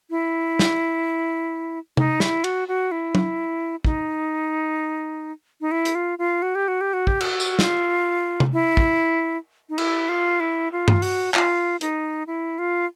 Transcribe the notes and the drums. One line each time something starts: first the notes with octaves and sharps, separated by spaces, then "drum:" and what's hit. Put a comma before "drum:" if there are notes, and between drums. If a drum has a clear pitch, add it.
E4
drum: snare
D#4, drum: tom
E4, drum: snare
F#4, drum: cymbal
F#4
E4
drum: tom
D#4, drum: kick
D#4
E4
drum: hi-hat
F4
F4
F#4
G4
F#4
G4
F#4
G4, drum: kick
F#4, drum: cymbal
drum: tambourine
F4, drum: snare
drum: tom
E4
drum: kick
D#4
E4, drum: cymbal
F4
E4
F4
drum: tom G2
F#4, drum: open hi-hat
F4, drum: clap
D#4, drum: hi-hat
E4
F4